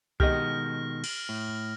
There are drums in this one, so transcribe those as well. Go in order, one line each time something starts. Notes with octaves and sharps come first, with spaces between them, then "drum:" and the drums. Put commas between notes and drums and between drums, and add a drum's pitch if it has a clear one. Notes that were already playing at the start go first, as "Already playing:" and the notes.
B2 D#3 G#3 G4 D#5 F6 A#6, drum: kick C2
drum: cymbal
A2